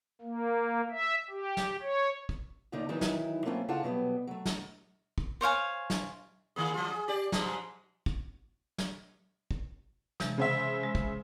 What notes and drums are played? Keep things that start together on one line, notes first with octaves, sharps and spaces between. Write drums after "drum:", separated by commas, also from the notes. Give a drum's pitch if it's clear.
A#3
E5
G4
drum: snare
C#5
drum: kick
D#2 A#2 D3 A3 D#4 D5
D#3 E3 F#3 D#4 E4
drum: snare
F#3 A3 A#3 C4 C#4 F4
C#3 D4 E4 F4 A4 F#5
B2 F#3 G3 B3
F#3 A3
drum: snare
drum: kick
C5 C#5 F5 G#5
drum: snare
D#3 A#3 G#4
F3 F4
G#4
G4 G#4 D5
G#2 F3 G#3, drum: snare
drum: kick
drum: snare
drum: kick
C3 E3 G#3, drum: snare
C#3 C5 E5
G#3
drum: kick